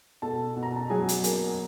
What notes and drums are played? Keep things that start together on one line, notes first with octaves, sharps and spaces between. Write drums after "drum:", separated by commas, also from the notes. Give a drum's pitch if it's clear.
B2 A4 A5
B2
A#5
A5
F#3 G#4 G#5
drum: hi-hat
A#3, drum: hi-hat